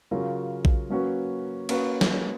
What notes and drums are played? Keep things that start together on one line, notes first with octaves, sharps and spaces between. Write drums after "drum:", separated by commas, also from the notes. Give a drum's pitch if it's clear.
C#3 F#3 C#4 F4 A#4
drum: kick A#1
F#3 A#3 C#4 F#4 B4
A#3 C#4 F#4 B4, drum: cymbal
drum: snare